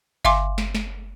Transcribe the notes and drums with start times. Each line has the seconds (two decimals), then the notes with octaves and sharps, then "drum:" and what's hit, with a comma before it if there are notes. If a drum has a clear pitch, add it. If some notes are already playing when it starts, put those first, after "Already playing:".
0.25 E5 F5 G#5 C6 D6, drum: kick G1
0.58 drum: snare
0.75 drum: snare